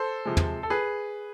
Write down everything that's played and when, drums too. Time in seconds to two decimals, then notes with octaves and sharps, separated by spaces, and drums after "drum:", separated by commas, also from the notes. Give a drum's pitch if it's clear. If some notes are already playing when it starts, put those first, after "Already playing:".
Already playing: A4 C5
0.25 C3 F3 G#3
0.37 drum: tom
0.63 A4
0.70 G#4 B4